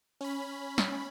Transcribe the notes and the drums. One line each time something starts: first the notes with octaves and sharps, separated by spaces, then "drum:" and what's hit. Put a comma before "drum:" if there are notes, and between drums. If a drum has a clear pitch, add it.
C#4 B5
drum: snare